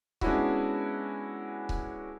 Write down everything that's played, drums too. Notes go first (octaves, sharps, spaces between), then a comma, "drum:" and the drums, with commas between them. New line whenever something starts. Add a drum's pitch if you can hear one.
G#3 B3 C#4 D4 E4 F#4, drum: kick C#1
drum: kick C#1